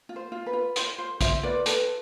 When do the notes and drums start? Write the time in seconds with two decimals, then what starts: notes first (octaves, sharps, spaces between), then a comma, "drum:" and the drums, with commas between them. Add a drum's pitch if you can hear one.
0.09 F4
0.16 C5
0.32 F4
0.46 B4
0.53 F4
0.76 F4 C5, drum: hi-hat
0.99 F4 C5
1.21 F4 C5 E5, drum: kick, hi-hat
1.43 F4 B4 D5
1.66 A4 B4, drum: hi-hat